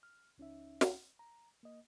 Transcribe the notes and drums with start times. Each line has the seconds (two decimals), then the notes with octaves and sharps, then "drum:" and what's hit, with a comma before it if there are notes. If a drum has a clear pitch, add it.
0.03 F6
0.38 C#2 C#4 D#4 E5
0.81 drum: snare
1.19 A#5
1.63 A#3 D#5